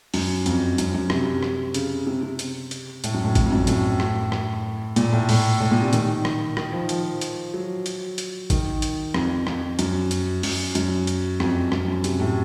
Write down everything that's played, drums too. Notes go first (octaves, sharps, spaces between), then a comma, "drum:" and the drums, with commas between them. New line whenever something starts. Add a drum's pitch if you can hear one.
F#2, drum: open hi-hat
F2, drum: hi-hat
F#2, drum: hi-hat
F#2
C3, drum: rim click
drum: rim click
C#3, drum: hi-hat
C3
C3
drum: hi-hat
drum: hi-hat
A2, drum: hi-hat
F#2
A2
F#2, drum: kick, hi-hat
F2
F#2
A2, drum: hi-hat
drum: rim click
drum: rim click
A#2, drum: hi-hat
A2
A2, drum: open hi-hat
A2
A#2
C3
D#3, drum: hi-hat
drum: rim click
D#3, drum: rim click
F3
F3, drum: hi-hat
drum: hi-hat
F#3
drum: hi-hat
drum: hi-hat
D#3, drum: kick, hi-hat
drum: hi-hat
F2, drum: rim click
F2, drum: rim click
F#2, drum: hi-hat
drum: hi-hat
F#2, drum: open hi-hat
F#2, drum: hi-hat
drum: hi-hat
F2, drum: rim click
F#2, drum: rim click
F#2
C3, drum: hi-hat
A2